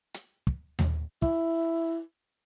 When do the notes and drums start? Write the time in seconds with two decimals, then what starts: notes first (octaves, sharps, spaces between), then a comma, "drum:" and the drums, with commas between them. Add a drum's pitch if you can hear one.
0.14 drum: hi-hat
0.47 drum: kick
0.79 drum: tom D#2
1.22 E4, drum: kick